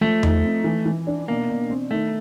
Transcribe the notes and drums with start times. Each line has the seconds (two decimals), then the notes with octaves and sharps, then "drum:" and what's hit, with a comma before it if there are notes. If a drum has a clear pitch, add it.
0.01 F3 A3
0.23 D#4, drum: tom E2
0.44 C4
0.64 E3
0.86 E3
1.07 D4
1.28 B2 A#3
1.49 B2
1.70 C4
1.91 D#3 A3